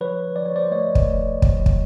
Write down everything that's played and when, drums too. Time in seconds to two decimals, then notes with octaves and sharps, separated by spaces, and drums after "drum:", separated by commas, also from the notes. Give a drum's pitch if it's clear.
0.01 F3 B4 C#5
0.36 F3 D5
0.46 C#5
0.56 C5 D5
0.71 A3 C#5 D#5
0.95 drum: kick
1.07 A3
1.42 F3, drum: kick
1.66 drum: kick